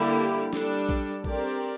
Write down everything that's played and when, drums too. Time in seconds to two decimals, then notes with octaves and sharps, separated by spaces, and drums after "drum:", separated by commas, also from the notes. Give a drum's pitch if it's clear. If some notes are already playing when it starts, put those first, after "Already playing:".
Already playing: D3 G3 A#3 E4 G4
0.53 G3 D4 A4, drum: snare
0.89 drum: kick A#1
1.24 C4 G4 A#4 D5, drum: kick A#1